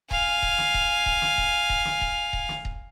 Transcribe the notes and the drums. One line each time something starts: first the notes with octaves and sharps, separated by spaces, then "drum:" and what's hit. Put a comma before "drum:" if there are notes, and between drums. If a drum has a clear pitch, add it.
F5 G#5, drum: kick D#1
drum: kick D#1
drum: snare
drum: kick D#1
drum: kick D#1
drum: snare
drum: kick D#1
drum: kick D#1
drum: snare
drum: kick D#1
drum: kick D#1
drum: snare
drum: kick D#1